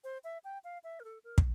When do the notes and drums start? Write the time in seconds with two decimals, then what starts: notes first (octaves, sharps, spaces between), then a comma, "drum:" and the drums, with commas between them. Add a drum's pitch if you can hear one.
0.04 C5
0.24 E5
0.44 G5
0.64 F5
0.84 E5
1.00 A#4
1.04 A4
1.24 A#4
1.38 drum: kick